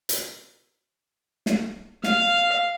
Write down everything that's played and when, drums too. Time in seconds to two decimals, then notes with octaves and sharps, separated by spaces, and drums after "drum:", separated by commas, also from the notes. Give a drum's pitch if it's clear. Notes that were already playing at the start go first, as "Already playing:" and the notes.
0.09 drum: hi-hat
1.46 drum: snare
2.04 F5, drum: snare